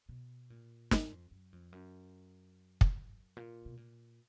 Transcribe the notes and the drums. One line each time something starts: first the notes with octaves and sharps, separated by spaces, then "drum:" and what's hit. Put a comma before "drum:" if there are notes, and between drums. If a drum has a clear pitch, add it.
B2
A#2
G#2, drum: snare
F2
F#2
F2
F#2
drum: kick
A#2
B2
A#2